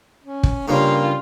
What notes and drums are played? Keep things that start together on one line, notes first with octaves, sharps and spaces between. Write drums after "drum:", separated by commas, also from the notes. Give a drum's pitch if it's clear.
C#4
drum: kick
G2 C#3 G3 A#3 F4